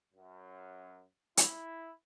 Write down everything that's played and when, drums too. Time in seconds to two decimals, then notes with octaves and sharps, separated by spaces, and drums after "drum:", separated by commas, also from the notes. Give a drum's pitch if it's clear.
0.14 F#2
1.37 E4, drum: hi-hat